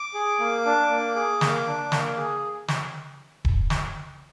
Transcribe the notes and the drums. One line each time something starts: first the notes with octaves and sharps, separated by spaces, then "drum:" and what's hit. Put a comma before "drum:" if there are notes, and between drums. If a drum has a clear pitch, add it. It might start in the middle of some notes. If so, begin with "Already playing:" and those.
Already playing: D6
G#4
A#3
D4
A#3
G#4
A#3, drum: snare
D4
A#3, drum: snare
G#4
drum: snare
drum: kick D#1
drum: snare